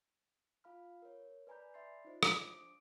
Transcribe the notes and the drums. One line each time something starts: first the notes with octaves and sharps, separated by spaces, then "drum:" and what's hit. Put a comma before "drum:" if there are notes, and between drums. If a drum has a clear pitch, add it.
F4 F5 B5 F6
A#4 C#5
B4 D5 G#5 A#5 B5 G6
D5 E5 B5 C6 A6 C7
D#4 F4 C5 D#5
D4 C5 D6 D7, drum: rim click